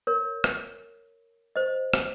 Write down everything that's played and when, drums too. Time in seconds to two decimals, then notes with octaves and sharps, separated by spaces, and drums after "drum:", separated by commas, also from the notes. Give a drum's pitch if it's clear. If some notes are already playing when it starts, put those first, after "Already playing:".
0.07 A#4 C#5
0.44 drum: rim click
1.56 C5 D#5
1.94 drum: rim click